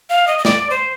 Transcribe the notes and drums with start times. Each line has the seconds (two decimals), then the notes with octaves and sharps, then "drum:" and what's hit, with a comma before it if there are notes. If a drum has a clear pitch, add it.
0.10 F5
0.27 D#5
0.38 D#5
0.45 D5, drum: snare
0.70 C5